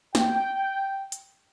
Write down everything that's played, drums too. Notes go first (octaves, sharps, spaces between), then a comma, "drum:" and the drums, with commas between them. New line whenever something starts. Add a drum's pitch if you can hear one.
G5, drum: snare
drum: hi-hat